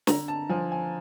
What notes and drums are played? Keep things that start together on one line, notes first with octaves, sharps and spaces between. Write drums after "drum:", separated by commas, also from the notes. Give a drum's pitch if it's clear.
D3 A#5, drum: snare
A5
F3 G#5
G#5